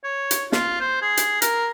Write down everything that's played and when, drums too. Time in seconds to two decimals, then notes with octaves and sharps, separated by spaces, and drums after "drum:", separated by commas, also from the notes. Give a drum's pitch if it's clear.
0.04 C#5
0.31 drum: hi-hat
0.52 F4, drum: snare
0.81 C5
1.02 G#4
1.17 drum: hi-hat
1.42 A#4, drum: hi-hat